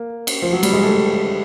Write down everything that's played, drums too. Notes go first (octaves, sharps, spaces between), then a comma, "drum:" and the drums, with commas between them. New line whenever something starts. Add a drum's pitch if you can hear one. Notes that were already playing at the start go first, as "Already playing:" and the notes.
Already playing: A#3
drum: cymbal
F3
F#3
G3, drum: cymbal
G#3
A3